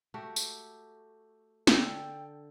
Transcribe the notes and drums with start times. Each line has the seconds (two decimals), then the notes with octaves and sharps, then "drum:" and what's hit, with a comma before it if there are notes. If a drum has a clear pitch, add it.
0.14 A3 F#4 G4
0.36 drum: tambourine
1.67 D3 A4 G5, drum: snare